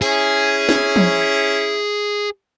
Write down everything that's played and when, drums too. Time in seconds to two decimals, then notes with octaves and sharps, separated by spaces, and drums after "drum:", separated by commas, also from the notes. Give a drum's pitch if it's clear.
0.02 C#4 E4 G#4, drum: open hi-hat
0.69 drum: snare
0.96 drum: tom